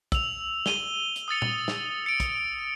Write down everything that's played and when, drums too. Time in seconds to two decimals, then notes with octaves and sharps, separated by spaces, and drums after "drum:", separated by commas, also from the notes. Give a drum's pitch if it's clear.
0.12 E6 F7, drum: kick, hi-hat
0.66 D#7 G7, drum: snare
1.16 drum: hi-hat
1.28 D#6 E6 A6 C#7
1.42 drum: tom A#2
1.68 drum: snare
2.06 C#7 D7
2.20 drum: kick, hi-hat